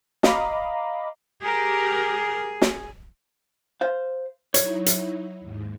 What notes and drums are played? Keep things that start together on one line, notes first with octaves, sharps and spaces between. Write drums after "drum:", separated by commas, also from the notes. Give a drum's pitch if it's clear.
D#5 F5 A#5 B5 D6, drum: snare
G4 G#4 A#4
drum: snare
C5 F5
F#3 D#4 E4 C#5, drum: hi-hat
drum: hi-hat
D#2 G#2